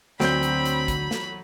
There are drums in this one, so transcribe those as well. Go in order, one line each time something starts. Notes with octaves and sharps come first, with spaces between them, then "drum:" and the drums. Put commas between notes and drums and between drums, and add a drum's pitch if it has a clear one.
D2 F#3 C4 B5 G6, drum: snare
drum: hi-hat
drum: hi-hat
drum: kick, hi-hat
drum: snare